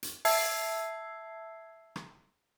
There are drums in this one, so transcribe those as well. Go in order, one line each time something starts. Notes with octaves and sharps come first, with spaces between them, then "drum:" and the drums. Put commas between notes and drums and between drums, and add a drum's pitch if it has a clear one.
drum: hi-hat
E5 A5 E6 G#6 C7, drum: open hi-hat
drum: rim click